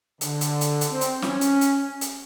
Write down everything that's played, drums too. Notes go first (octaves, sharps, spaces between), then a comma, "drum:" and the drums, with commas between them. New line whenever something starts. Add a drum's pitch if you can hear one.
D3, drum: hi-hat
drum: hi-hat
drum: hi-hat
drum: hi-hat
C4
drum: hi-hat
C#4, drum: snare
drum: hi-hat
drum: hi-hat
drum: hi-hat